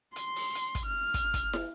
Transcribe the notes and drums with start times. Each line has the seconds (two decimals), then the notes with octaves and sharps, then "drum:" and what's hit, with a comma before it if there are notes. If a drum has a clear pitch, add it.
0.16 C6, drum: hi-hat
0.36 drum: open hi-hat
0.55 drum: hi-hat
0.75 drum: kick, hi-hat
0.86 F6
1.14 drum: kick, hi-hat
1.34 drum: kick, hi-hat
1.53 drum: snare